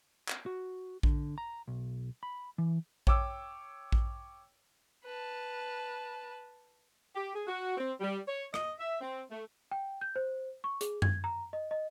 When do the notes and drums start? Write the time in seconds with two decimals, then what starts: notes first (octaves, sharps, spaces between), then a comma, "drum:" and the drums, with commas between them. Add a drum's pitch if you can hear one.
0.29 drum: clap
0.46 F#4
1.03 D3, drum: kick A#1
1.38 A#5
1.68 B1
2.23 B5
2.58 E3
3.07 C#5 G5 D6 E6, drum: kick A#1
3.92 drum: kick A#1
5.04 B4 A5
7.16 G4
7.35 G#4
7.47 F#4
7.77 C4
8.00 G3
8.28 C#5
8.54 D#5, drum: rim click
8.80 E5
9.00 C4
9.31 A3
9.71 G5
10.01 G6
10.16 C5
10.64 C#6
10.81 G#4, drum: hi-hat
11.02 G#6, drum: tom F#2
11.24 A#5
11.53 D#5
11.71 D#5